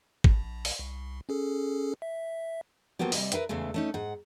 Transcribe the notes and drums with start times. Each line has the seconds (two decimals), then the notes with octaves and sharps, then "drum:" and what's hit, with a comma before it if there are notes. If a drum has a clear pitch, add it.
0.24 A#1, drum: kick
0.65 drum: open hi-hat
0.79 C2
1.29 C#4 G#4 A4
2.02 E5
2.99 F3 F#3 A#3 B3 G4
3.12 C3 G3 D#5, drum: open hi-hat
3.32 A#4 B4 E5 G5, drum: hi-hat
3.49 E2 C#3 E3 G#3 A3
3.74 A3 C#4 D#4
3.94 G#2 F#5